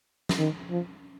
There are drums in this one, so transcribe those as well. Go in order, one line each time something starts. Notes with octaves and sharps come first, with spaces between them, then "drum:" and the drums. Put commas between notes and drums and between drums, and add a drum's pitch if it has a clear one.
drum: snare
D#3
F3